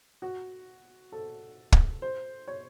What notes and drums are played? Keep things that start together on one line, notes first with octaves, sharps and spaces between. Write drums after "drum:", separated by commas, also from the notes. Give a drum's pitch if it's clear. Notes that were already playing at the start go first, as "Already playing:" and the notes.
F#4
A4
drum: kick
C5
C#5